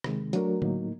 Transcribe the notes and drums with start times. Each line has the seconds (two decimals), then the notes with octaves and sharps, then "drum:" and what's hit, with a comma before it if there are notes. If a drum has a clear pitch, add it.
0.04 C3 D#3 G#3, drum: rim click
0.33 F#3 A3 D4 F#4 A#4, drum: hi-hat
0.62 A2 F#3 A#3 D#4, drum: tom D3